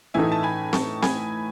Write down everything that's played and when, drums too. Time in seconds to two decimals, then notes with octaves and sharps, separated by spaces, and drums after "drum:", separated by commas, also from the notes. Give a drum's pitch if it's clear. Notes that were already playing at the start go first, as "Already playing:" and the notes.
0.14 A2 E3 A3 D#4 A4 E5 G#5
0.32 A5
0.43 G#5 B5
0.73 A5 C#6, drum: snare C4
1.02 G#5 B5, drum: snare C4